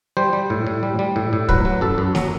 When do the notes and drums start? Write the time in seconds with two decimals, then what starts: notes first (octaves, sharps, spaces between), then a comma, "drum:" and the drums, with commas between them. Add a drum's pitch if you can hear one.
0.17 G3 C5
0.33 G3
0.50 A2
0.67 A2
0.83 G3
0.99 G3
1.16 A2
1.33 A2
1.49 F#3 B4, drum: kick
1.65 F#3
1.81 F#2 A4
1.98 F#2
2.15 F#3, drum: snare